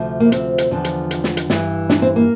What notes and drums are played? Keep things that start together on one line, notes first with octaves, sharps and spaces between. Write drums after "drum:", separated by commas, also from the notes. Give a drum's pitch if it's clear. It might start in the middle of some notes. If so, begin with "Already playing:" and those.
Already playing: D2 C3 F3
A#3
C4, drum: hi-hat
drum: hi-hat
E2 D3 F3
drum: hi-hat
drum: hi-hat
drum: snare
drum: hi-hat
G2 E3, drum: snare
D4, drum: snare
C4
A#3